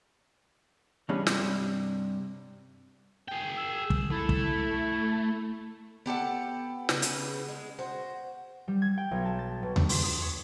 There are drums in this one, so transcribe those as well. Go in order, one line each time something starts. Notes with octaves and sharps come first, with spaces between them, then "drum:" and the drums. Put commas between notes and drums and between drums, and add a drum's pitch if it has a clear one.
G2 E3 G3 G#3 B3 C#4
G2 C3, drum: snare
G#4 G5
E6
drum: kick
A3 E4
drum: kick
B3 G4 A4 F#5
C#3 B3 B4, drum: snare
drum: hi-hat
G#3
F#4 C5
G3
G#6
G5
B1
A5
A6
B2
D4, drum: tom D#2
C6, drum: open hi-hat
D#6
C#5